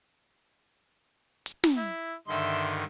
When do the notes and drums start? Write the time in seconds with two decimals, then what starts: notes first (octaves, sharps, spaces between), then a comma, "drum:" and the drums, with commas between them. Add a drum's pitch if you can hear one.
1.46 drum: hi-hat
1.64 drum: snare
1.76 E4
2.28 G2 D3 D#3 E5 C6